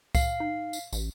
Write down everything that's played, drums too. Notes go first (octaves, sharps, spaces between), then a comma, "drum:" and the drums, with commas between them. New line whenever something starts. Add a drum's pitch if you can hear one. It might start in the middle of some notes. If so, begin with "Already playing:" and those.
F5, drum: kick C2, tambourine
D#4
drum: tambourine
A1, drum: tambourine